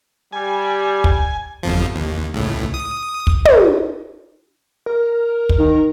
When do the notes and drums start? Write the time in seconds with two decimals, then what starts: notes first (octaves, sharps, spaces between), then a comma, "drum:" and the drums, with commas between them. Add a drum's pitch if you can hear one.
0.33 G3 G#5
1.04 drum: kick
1.63 G1 F2 F3
1.95 D#2
2.34 C#2 A2
2.74 D#6
3.27 drum: kick
3.45 drum: tom
4.86 A#4
5.49 drum: kick
5.59 D#3